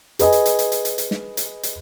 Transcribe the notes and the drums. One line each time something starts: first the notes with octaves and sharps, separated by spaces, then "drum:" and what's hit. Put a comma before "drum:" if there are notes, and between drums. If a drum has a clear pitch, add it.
G#4 B4 D#5 G#5, drum: hi-hat
drum: hi-hat
drum: hi-hat
drum: hi-hat
drum: hi-hat
drum: hi-hat
drum: hi-hat
drum: snare
drum: hi-hat
drum: hi-hat